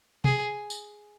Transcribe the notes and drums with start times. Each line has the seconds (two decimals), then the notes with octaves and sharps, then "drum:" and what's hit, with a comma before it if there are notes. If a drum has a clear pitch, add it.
0.24 G#4, drum: tom B2
0.70 drum: tambourine